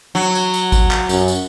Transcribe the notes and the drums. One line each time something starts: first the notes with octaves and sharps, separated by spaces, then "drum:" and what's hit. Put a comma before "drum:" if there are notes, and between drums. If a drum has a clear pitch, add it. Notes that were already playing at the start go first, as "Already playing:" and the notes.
F#3
drum: tambourine
drum: tambourine
drum: kick G#1, tambourine
drum: clap
F#2, drum: tambourine
drum: tambourine